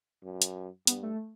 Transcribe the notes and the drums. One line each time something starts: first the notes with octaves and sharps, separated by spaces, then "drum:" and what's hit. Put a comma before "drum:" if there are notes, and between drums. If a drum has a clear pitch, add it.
F#2
drum: hi-hat
G2 B3, drum: hi-hat
A3